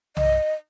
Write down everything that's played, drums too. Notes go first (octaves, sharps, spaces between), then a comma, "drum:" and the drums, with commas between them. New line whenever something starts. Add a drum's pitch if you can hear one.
D#5, drum: tom B1